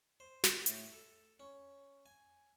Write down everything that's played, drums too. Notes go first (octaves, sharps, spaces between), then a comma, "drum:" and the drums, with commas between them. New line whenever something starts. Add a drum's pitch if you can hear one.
C5
drum: snare
A2, drum: hi-hat
A4
C#4
G#5